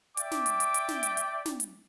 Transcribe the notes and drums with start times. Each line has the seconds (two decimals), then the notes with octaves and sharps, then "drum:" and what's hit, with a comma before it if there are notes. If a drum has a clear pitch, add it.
0.17 D5 E5 G5 D6, drum: hi-hat
0.31 drum: snare
0.46 drum: hi-hat
0.60 drum: hi-hat
0.74 drum: hi-hat
0.89 drum: snare
1.03 drum: hi-hat
1.17 drum: hi-hat
1.46 drum: snare
1.60 drum: hi-hat